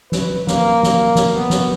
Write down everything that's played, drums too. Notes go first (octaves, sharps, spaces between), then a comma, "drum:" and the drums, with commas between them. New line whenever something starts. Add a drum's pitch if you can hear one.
B4, drum: snare
A#3, drum: snare
A#3, drum: snare
drum: snare
B3
drum: snare